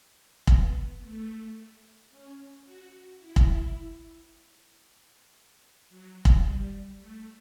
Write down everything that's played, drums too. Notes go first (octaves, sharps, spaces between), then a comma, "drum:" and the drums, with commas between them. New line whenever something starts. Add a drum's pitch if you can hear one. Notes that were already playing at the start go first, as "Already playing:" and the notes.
B3, drum: kick
A3
C#4
F#4
E4
drum: kick
F#3
drum: kick
G3
A3